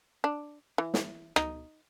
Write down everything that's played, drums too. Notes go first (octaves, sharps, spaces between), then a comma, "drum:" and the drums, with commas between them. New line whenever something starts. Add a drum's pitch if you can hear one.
D4
E3
drum: snare
D#4, drum: rim click